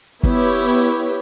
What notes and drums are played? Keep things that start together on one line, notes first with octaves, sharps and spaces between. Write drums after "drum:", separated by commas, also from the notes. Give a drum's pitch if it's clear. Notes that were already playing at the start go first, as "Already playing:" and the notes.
B3 E4 G4 B4 C#5, drum: kick